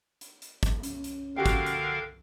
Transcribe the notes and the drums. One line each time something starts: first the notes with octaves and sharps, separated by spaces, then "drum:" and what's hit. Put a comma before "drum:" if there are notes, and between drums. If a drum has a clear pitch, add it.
drum: hi-hat
drum: hi-hat
drum: kick, hi-hat
C#4, drum: hi-hat
drum: hi-hat
D3 F#4 G4 A#4 F5 G5
drum: kick, hi-hat
drum: hi-hat